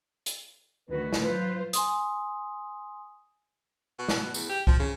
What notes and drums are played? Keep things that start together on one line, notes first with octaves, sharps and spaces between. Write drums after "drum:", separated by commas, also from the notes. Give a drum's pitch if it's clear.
drum: hi-hat
D2 D#3 F#4 B4
drum: snare
F#3 F4 B4 C5
G#5 C6 D#6, drum: hi-hat
B2
drum: snare
B2
E2, drum: tambourine
G4
F3, drum: kick C2
C#3